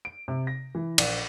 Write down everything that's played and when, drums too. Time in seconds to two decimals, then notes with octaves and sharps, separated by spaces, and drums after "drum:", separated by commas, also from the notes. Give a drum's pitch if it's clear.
0.05 D7
0.28 C3
0.47 A#6
0.75 E3
0.98 A#1, drum: cymbal